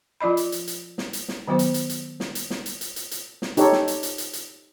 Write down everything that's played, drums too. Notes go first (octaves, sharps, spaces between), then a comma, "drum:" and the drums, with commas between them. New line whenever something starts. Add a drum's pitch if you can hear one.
F3 F4 D5 D#5 B5
drum: hi-hat
drum: hi-hat
drum: hi-hat
drum: snare
drum: hi-hat
drum: snare
D#3 F#3 B3 F#4 C5
drum: hi-hat
drum: hi-hat
drum: hi-hat
drum: snare
drum: hi-hat
drum: snare
drum: hi-hat
drum: hi-hat
drum: hi-hat
drum: hi-hat
drum: snare
D#4 G4 A4 C#5, drum: hi-hat
drum: snare
drum: hi-hat
drum: hi-hat
drum: hi-hat
drum: hi-hat